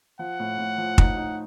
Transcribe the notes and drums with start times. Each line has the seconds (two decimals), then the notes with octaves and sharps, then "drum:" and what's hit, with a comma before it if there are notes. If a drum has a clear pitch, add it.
0.19 F3 F#5
0.40 A2
0.58 A2
0.78 F3
0.98 D#4, drum: kick
1.17 D#4